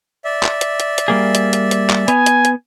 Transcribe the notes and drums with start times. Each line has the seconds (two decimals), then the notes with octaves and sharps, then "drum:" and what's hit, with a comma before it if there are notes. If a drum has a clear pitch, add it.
0.25 D5 E5
0.43 drum: clap
0.61 drum: hi-hat
0.80 drum: hi-hat
0.98 drum: hi-hat
1.08 G3 A#3 G#4
1.35 drum: hi-hat
1.53 drum: hi-hat
1.71 drum: hi-hat
1.90 drum: clap
2.08 B3 G#5, drum: hi-hat
2.26 drum: hi-hat
2.45 drum: hi-hat